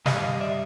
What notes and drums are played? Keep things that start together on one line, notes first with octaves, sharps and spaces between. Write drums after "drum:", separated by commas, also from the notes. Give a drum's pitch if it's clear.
G2 D#3 G3 D#5 F5, drum: snare
D#5 F5
D5 E5